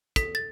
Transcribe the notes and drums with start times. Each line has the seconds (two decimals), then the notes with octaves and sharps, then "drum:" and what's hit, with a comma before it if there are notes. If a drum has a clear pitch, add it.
0.16 A4 B6, drum: kick, hi-hat
0.35 A6